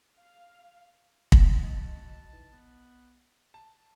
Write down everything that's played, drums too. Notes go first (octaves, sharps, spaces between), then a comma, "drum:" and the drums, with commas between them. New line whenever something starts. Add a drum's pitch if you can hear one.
F5
drum: kick
B2 D#3 C#4 D#5 A5
D#4 E4 B4
B1 B3
A5